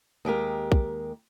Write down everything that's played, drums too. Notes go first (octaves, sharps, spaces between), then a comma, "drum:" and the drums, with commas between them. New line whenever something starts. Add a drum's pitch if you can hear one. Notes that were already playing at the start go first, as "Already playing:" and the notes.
D#2 G#3 G4 A#4
drum: kick